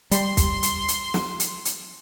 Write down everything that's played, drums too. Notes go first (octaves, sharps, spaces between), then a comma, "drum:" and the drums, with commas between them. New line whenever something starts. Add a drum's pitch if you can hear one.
G3 C6, drum: hi-hat
drum: kick, hi-hat
drum: hi-hat
drum: hi-hat
drum: snare
drum: hi-hat
drum: hi-hat